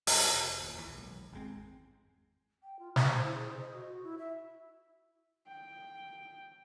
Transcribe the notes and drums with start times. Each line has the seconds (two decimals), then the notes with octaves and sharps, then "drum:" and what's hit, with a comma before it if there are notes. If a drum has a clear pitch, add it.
0.07 G2 C#3, drum: open hi-hat
0.27 F1
0.61 D#2 A#2
0.78 A1 D#2 E3
0.94 E1 B1
1.33 G#1 E2 G#3 C4
2.63 G5
2.79 F4
2.96 C5, drum: snare
3.10 C5
3.24 E4
3.35 G#4
3.48 C5
3.61 D#5
3.74 F#4
3.88 F#4
4.03 E4
4.18 E5
5.47 G5